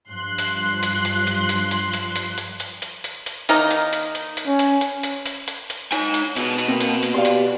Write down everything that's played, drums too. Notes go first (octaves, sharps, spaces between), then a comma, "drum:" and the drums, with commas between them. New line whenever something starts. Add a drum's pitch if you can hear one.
G2 F3 C6 F#6
drum: hi-hat
drum: hi-hat
drum: hi-hat
drum: hi-hat
drum: hi-hat
drum: hi-hat
drum: hi-hat
drum: hi-hat
drum: hi-hat
drum: hi-hat
drum: hi-hat
drum: hi-hat
drum: hi-hat
D#3 A#3 D#4, drum: hi-hat
drum: hi-hat
drum: hi-hat
drum: hi-hat
drum: hi-hat
C#4
drum: hi-hat
drum: hi-hat
drum: hi-hat
drum: hi-hat
drum: hi-hat
drum: hi-hat
D#4 C#5 G#5, drum: hi-hat
drum: hi-hat
B2 G#3 B3 A#4, drum: hi-hat
drum: hi-hat
A#3 C4 E5 F#5
drum: hi-hat
drum: hi-hat
G4 D5 F5 C6
drum: hi-hat